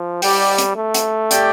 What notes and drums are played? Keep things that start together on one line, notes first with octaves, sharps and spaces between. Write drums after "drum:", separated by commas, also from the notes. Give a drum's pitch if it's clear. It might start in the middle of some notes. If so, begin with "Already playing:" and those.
Already playing: F3
G3 G4 D5 G5, drum: open hi-hat
drum: hi-hat
A3
drum: hi-hat
G4 D5 G5, drum: hi-hat